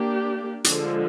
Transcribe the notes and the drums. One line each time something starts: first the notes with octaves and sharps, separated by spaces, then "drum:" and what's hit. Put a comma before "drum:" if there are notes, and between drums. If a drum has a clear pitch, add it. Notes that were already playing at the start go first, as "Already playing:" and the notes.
Already playing: A#3 D4 G4
D3 F3 G#3, drum: hi-hat